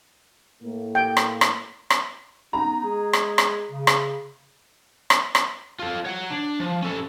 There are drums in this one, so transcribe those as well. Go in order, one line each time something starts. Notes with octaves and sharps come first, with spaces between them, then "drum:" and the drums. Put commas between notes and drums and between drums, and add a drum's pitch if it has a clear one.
A2 A#3
G5
drum: rim click
drum: rim click
drum: rim click
B3 D#4 A#5
G#3 G#4
drum: rim click
drum: rim click
C#3
drum: rim click
drum: rim click
drum: rim click
F4 A4
C#5 F#5
D4
F3
C#4 A4